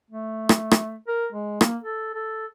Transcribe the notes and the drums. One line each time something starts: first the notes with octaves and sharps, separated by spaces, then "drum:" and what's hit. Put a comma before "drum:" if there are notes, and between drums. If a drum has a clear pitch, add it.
A3
drum: rim click
drum: rim click
A#4
G#3
A#3, drum: rim click
A4
A4